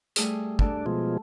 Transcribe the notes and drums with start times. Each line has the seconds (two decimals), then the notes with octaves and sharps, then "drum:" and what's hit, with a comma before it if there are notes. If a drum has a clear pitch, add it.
0.16 G3 A3 G#4, drum: hi-hat
0.59 D4 A4, drum: kick
0.86 B2 F3 G#3